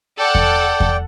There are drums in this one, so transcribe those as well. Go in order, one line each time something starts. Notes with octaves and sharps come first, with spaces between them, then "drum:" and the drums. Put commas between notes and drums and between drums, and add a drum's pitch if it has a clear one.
A4 D5 F#5 G5
drum: kick E2
drum: kick E2